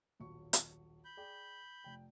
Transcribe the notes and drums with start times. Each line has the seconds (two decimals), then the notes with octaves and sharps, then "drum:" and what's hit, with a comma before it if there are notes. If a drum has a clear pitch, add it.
0.20 D#1 B1 C#6
0.53 drum: hi-hat
1.05 B5 G6
1.17 G#4 D5 G5
1.84 F1 G5